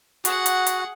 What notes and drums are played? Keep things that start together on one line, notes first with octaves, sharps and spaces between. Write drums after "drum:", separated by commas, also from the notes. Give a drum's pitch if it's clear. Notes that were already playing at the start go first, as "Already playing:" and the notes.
F#4 G#4 F#5, drum: hi-hat
drum: hi-hat
drum: hi-hat